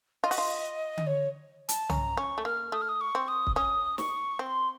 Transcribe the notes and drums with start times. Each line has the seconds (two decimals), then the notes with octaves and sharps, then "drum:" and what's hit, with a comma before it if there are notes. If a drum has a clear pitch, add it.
0.24 F4 D#5
0.31 F#4, drum: open hi-hat
0.38 F4
0.97 drum: tom D3
1.07 C#5
1.69 A5, drum: hi-hat
1.90 C#4 A#5, drum: tom C2
2.17 C#4 C#6
2.38 A3
2.45 A#3 F6
2.72 A3 D#6
2.81 F6
2.89 D#6
3.01 C#6
3.15 C4
3.28 D#6
3.47 drum: kick
3.56 C#4 D#6
3.98 C#6, drum: snare
4.39 C4 C6